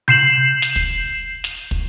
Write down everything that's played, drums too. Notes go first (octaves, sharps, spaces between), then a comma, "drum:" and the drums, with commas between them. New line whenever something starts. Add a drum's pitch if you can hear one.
G6 C7 E7 F#7, drum: tom C3
drum: snare
drum: kick
drum: snare
drum: kick